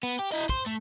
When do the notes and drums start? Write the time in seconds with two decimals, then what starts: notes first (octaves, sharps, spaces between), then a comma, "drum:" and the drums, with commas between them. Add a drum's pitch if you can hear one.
0.03 B3
0.19 G4
0.32 E4 D#5
0.49 C5, drum: kick, hi-hat
0.66 A3